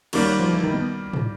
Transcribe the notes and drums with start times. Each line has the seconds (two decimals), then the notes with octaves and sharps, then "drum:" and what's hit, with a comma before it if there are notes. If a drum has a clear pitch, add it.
0.13 D#3 F#3 G3 A#3 F#4, drum: cymbal
0.26 F#3 F#4
0.40 F3 F4
0.53 E3 E4
0.63 D#3 D#4
0.74 B2 B3
1.13 drum: tom